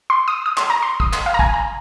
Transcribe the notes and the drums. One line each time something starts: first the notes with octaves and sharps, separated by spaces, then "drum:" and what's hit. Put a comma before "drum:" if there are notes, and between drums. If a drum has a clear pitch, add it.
C6
D#6
D#6
C6, drum: clap
A#5
C6
D#6, drum: kick
C6, drum: clap
F5
A#5
G#5, drum: kick
A#5